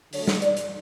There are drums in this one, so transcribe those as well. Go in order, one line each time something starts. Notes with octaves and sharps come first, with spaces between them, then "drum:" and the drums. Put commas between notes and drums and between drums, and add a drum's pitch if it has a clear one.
D3 F#3 A3 C#5, drum: open hi-hat
drum: snare
D5, drum: hi-hat
drum: hi-hat